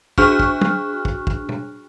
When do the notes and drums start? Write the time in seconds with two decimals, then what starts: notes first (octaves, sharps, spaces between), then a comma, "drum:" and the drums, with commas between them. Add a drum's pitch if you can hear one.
0.18 D4 F#4 G#4 C#6 F6 F#6, drum: kick
0.39 drum: kick
0.61 drum: tom
1.05 drum: kick
1.27 drum: kick
1.49 drum: tom